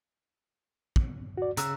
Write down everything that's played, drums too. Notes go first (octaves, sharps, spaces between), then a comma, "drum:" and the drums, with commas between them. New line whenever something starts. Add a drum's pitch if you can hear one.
drum: kick
F#4 D5
C#3 A#5 E6 F#6, drum: hi-hat